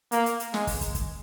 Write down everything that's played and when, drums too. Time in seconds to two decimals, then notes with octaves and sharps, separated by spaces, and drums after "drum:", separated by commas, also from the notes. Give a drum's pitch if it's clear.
0.12 A#3, drum: hi-hat
0.26 drum: hi-hat
0.40 drum: hi-hat
0.54 G#3, drum: snare
0.67 drum: kick, open hi-hat
0.81 drum: kick, hi-hat
0.95 drum: kick, hi-hat